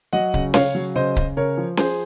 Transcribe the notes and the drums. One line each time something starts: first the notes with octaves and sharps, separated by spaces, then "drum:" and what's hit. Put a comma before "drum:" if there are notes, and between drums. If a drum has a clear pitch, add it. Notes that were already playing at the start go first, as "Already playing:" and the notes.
F#3 D#5 F#5
C#3, drum: kick C#1
C#3 C#5 F5, drum: snare C#4
F#3
C#3 C5 D#5
C#3, drum: kick C#1
C#3 A#4 C#5
F3
F3 G#4 C5, drum: snare C#4